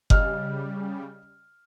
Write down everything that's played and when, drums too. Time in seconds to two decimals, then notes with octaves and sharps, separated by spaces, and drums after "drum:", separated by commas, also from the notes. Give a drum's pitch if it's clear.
0.10 C#3 G3 D#5 F6, drum: kick F#1